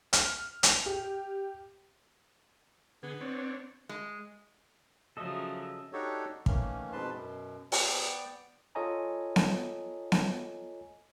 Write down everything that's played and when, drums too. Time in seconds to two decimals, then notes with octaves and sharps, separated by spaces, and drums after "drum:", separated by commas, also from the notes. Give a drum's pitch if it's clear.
0.13 F6, drum: hi-hat
0.63 F7, drum: hi-hat
0.86 G4
3.03 D3 B3 G#4
3.21 C4 D4 C#5
3.89 G#3
5.17 C#3 F3 F#3 A4 D#5 E5
5.92 D4 D#4 F#4 G4 A4 C#5
6.46 D#3 E3 A3 A#3 C#4, drum: kick
6.93 F2 G#2 B2 B4 A5 C6
7.14 F#2 B2
7.72 B3 D5 G5, drum: open hi-hat
8.75 F4 A4 C#5 D#5 G#5 A#5
9.36 drum: snare B3
10.12 drum: snare B3